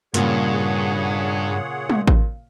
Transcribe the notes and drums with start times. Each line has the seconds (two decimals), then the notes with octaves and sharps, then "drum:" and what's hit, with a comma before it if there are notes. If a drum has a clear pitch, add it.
0.14 G2 A#2 C#3 G#4 C#5 F#5, drum: hi-hat
1.90 drum: tom G3
2.07 drum: kick A1